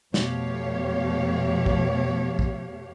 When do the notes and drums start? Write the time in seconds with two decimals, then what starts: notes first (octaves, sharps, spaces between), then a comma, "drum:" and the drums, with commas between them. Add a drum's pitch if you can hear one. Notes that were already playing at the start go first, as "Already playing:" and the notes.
0.14 F2 B2 A3 G4 C#5 F5, drum: snare
1.66 drum: kick
2.39 drum: kick